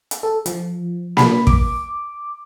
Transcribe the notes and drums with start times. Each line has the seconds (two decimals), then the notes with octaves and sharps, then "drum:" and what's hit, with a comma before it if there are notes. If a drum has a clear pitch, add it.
0.11 drum: hi-hat
0.23 A4
0.46 F3, drum: hi-hat
1.17 B5, drum: snare A#3
1.47 D6, drum: kick